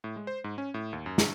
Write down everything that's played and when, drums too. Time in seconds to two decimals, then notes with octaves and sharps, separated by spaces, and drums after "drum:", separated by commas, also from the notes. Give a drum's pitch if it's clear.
0.04 A2
0.16 G#3
0.27 C5
0.44 G#2
0.58 C#4
0.74 A2
0.93 D#2
1.06 F#2
1.18 G2, drum: snare